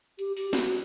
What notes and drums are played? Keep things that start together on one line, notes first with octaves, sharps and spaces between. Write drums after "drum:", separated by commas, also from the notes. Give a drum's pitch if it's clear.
G4, drum: hi-hat
G4, drum: open hi-hat
F#4, drum: snare